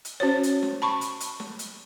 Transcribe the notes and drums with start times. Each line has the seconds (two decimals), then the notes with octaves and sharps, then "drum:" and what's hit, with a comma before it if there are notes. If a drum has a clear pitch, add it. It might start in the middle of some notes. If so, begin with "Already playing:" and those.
0.05 drum: hi-hat
0.20 C#4 F#4 C5 C#5
0.43 drum: hi-hat
0.63 drum: snare
0.82 A5 B5 C#6
1.01 drum: hi-hat
1.20 drum: hi-hat
1.40 drum: snare
1.59 drum: hi-hat